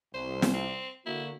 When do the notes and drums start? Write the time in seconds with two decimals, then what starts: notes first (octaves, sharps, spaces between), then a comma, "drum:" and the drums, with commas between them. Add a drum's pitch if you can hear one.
0.14 C2 C5
0.42 drum: snare
0.53 C4
1.06 D3 A#3 E4 F#4